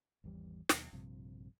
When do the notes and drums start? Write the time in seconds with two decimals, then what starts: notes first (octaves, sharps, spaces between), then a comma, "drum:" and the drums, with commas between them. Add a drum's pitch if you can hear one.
0.24 G#1 E2 E3 G3
0.69 D#2 B2 F#3, drum: snare
0.93 A#1 G2 C3 F3